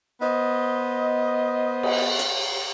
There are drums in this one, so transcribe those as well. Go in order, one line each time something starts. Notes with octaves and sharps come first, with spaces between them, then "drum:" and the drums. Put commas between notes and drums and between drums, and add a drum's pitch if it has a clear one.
B3 C5 D#5
drum: cymbal
drum: hi-hat